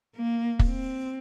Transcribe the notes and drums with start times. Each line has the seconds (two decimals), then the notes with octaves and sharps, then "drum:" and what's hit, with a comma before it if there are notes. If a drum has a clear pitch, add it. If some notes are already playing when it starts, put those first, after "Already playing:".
0.16 A#3
0.59 drum: kick
0.69 C4